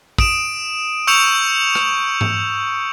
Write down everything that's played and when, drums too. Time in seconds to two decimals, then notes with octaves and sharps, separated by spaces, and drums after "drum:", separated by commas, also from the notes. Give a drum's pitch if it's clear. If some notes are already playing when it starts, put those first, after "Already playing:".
0.18 D#6 D7 E7, drum: kick
1.07 C#6 E6 G6 C#7 E7 F7
1.75 drum: rim click
2.21 drum: tom G#2